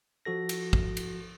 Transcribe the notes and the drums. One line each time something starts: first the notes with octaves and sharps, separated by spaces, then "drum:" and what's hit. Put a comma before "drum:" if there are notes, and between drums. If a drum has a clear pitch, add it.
F3 F#4 A4 A#6
drum: cymbal
drum: kick
drum: cymbal